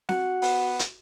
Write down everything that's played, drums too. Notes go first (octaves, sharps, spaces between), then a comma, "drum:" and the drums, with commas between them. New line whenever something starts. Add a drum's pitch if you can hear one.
F#4 F#5, drum: snare C4
B3, drum: open hi-hat
drum: hi-hat